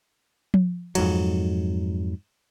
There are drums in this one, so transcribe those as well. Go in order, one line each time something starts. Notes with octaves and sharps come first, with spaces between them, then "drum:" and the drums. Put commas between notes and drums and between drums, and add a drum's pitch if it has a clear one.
drum: tom F3
F2 G#2 F#3, drum: cymbal